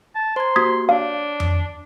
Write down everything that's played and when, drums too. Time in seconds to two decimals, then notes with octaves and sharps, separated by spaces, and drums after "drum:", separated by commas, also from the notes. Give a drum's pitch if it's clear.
0.15 A5
0.36 C5 A#5 C6 G#6
0.56 A#3 F#4 G4 D#6 G#6 B6
0.89 D4 C#5 F5
1.40 drum: tom F2